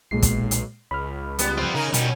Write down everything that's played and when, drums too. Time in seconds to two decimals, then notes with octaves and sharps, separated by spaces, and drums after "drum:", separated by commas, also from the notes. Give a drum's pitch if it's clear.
0.11 B1 A#2 G#3 C7
0.22 drum: kick, hi-hat
0.51 drum: hi-hat
0.91 C#2 B5 F6
1.39 G3 B3, drum: hi-hat
1.59 F3 C4
1.75 C#3 D#4 G#4 A#4
1.94 B2 G3 C#4, drum: hi-hat